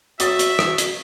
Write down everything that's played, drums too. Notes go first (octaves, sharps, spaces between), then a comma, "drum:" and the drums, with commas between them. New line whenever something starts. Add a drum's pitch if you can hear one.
F#3 F#4 E5 D#6 A6, drum: hi-hat
drum: hi-hat
drum: rim click
drum: hi-hat